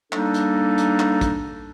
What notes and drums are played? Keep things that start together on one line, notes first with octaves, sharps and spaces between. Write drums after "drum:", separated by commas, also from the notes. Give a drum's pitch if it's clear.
G3 A#3 D4 D#4 A4, drum: clap
drum: hi-hat
drum: hi-hat
drum: clap
drum: kick, hi-hat